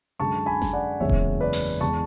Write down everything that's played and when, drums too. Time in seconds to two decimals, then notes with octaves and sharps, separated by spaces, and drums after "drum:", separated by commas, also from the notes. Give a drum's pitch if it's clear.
0.19 F#2 D3 G#3 A5 C#6
0.46 G#5 B5
0.62 drum: snare G1
0.73 D5 F#5
1.00 F#1 E2 C#3 G#3 C#5 E5
1.09 drum: kick D#1
1.41 B4 D5
1.53 drum: open hi-hat
1.81 E2 D3 G#3 D4 A5 C#6